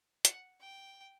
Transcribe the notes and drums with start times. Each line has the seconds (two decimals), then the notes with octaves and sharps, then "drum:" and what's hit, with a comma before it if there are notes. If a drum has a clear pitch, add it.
0.25 F#5, drum: hi-hat
0.61 G5